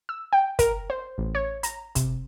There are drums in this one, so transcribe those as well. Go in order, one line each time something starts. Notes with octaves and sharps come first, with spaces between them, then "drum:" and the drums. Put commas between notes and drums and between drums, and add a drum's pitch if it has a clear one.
E6
G5
A#4, drum: kick, hi-hat
C5
A1
C#5
A#5, drum: hi-hat
C3, drum: kick, hi-hat